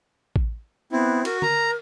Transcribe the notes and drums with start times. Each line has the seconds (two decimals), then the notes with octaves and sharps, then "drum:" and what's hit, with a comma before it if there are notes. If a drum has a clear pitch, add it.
0.36 drum: kick A1
0.92 B3 C4 E4
1.25 F#4 A#4, drum: cymbal
1.42 A#4 A#5, drum: tom D3